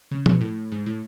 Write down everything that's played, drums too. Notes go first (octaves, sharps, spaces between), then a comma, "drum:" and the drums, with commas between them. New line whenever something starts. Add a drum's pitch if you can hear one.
C#3
B2, drum: tom
A2
G#2
A2